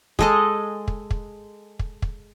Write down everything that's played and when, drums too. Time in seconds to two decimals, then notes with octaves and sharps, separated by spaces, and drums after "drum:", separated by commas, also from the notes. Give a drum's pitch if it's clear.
0.19 G#3 A4 D#5, drum: kick
0.88 drum: kick
1.11 drum: kick
1.79 drum: kick
2.02 drum: kick